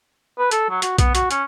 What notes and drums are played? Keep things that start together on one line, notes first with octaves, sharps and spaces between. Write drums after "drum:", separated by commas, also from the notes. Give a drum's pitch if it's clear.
B4
A4, drum: hi-hat
F#3
F#4, drum: hi-hat
B3, drum: kick B1, hi-hat
F#4, drum: hi-hat
C#4, drum: hi-hat